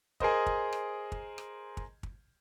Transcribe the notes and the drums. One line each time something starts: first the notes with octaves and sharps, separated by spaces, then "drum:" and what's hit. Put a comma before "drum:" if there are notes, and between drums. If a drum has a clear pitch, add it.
G#4 A#4 C5 D#5, drum: kick
drum: kick
drum: rim click
drum: kick
drum: rim click
drum: kick
drum: kick